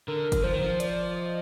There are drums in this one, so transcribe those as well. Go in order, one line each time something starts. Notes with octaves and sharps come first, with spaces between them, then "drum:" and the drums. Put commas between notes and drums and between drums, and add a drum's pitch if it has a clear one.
D3 A#4
drum: kick, hi-hat
F3 C5
D#3
F3
D5, drum: hi-hat
D#5